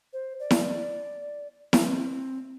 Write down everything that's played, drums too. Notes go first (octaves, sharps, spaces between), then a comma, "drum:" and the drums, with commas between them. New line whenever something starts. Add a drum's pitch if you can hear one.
C5
D5
drum: snare E4
C4, drum: snare E4